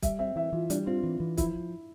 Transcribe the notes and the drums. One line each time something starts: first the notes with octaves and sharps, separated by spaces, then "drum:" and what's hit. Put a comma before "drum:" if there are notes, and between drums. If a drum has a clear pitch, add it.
G3 E5, drum: kick, hi-hat
C4 E5
E3 E5
E3 F4
G3 D4, drum: hi-hat
C4 F4
E3
E3
F3 E4, drum: kick, hi-hat